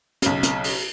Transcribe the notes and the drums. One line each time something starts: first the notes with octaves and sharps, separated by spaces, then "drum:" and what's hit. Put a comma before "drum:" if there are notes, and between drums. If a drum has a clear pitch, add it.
B1 C#3, drum: hi-hat
drum: hi-hat
drum: open hi-hat